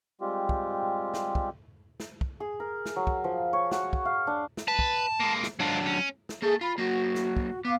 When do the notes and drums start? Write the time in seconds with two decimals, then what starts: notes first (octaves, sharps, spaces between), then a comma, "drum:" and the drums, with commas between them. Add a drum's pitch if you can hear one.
0.21 G3 G#3 C4 F4 G4
0.49 drum: kick
1.14 drum: snare
1.35 drum: kick
2.00 drum: snare
2.21 drum: kick
2.40 G#4
2.60 A#4
2.86 drum: snare
2.96 F#3
3.07 drum: kick
3.24 F3
3.53 C#5
3.71 F#4, drum: snare
3.93 drum: kick
4.05 F5
4.27 D4
4.57 drum: snare
4.68 B4 A5
4.79 drum: kick
5.20 G#3 A#3
5.43 drum: snare
5.59 G#2 F#3 D4 F4
5.86 C#4
6.29 drum: snare
6.42 A#3 G#4 A4
6.61 F4 B5
6.78 F#3 A#3 F#4
7.15 drum: snare
7.37 drum: kick
7.65 B3 F5 D6